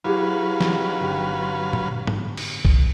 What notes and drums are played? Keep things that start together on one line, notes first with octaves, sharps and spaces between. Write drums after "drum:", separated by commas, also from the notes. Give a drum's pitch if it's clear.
F#3 E4 G4 G#4 B4 F5
C4 D#4, drum: snare F3
G1 G5
C6 A6
drum: tom A#2
drum: tom G#2
drum: cymbal
drum: kick C2